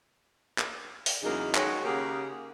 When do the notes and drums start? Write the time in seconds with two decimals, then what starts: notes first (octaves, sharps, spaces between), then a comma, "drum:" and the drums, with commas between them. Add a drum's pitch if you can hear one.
0.58 drum: clap
1.06 drum: open hi-hat
1.23 E2 C#3 F#3 A#3 D#4
1.55 D#3 G#3 F#4 C#5, drum: clap
1.85 C#3 A#3 G4 G#4 A#4 F#5